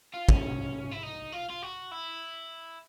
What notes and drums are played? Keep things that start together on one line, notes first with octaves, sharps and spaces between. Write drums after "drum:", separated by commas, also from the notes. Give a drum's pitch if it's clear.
F4
C#4, drum: kick
E4
D#4
F4
F4
F#4
E4